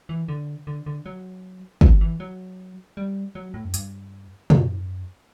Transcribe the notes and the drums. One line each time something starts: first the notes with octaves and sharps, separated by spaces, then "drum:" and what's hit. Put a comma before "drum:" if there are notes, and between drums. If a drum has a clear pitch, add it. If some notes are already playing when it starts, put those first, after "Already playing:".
E3
D3
D3
D3
F#3
F#3, drum: kick
E3
F#3
G3
F#3
A2
F#2
G2, drum: hi-hat
F#2, drum: tom